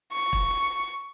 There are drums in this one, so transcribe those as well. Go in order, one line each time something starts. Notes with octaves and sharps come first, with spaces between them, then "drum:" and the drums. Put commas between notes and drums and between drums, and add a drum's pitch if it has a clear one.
C#6
drum: kick